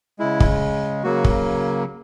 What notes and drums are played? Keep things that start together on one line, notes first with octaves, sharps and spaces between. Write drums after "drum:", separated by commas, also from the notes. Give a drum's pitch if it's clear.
C#3 G#3 E4
drum: kick
C#3 F#3 A#3 F#4
drum: kick